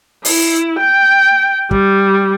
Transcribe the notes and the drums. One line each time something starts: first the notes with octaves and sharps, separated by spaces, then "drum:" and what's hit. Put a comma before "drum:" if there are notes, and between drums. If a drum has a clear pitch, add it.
E4, drum: open hi-hat
G5
G3, drum: kick